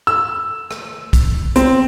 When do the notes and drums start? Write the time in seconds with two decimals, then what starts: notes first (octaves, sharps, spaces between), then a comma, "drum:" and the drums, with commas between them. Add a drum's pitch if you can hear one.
0.07 E6
0.71 drum: rim click
1.13 drum: kick, hi-hat
1.56 C4, drum: hi-hat